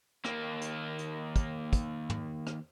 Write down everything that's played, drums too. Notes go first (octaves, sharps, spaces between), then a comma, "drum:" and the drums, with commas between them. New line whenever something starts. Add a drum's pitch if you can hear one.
D#2 A#3, drum: rim click
drum: hi-hat
drum: hi-hat
drum: kick, hi-hat
drum: kick, hi-hat
drum: tom
drum: rim click